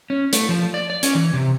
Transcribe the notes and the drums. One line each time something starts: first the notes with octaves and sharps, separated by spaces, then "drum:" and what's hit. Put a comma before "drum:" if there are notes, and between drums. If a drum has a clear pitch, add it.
C#4
A3, drum: hi-hat
F3
D5
D5
C#4, drum: hi-hat
E3
C3